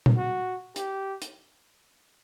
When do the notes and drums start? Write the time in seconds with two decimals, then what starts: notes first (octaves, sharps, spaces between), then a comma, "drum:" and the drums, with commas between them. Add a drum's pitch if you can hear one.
0.06 drum: tom A#2
0.17 F#4
0.76 G4, drum: hi-hat
1.22 drum: hi-hat